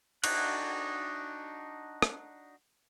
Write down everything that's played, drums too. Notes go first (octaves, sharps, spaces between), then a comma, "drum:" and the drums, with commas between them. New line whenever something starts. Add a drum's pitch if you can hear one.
D4 D#4 F#4 F#6, drum: cymbal
drum: rim click